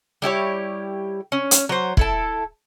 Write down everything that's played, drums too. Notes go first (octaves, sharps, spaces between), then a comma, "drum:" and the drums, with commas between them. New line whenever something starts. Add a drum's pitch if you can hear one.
G3 E4 G4 C#5
C#4
drum: hi-hat
F#3 C5
E4 A4 A5, drum: kick